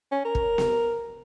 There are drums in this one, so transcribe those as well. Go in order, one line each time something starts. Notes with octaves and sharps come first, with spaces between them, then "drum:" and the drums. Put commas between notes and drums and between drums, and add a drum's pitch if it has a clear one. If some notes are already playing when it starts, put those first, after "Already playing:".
C#4
A#4
drum: kick
drum: snare B3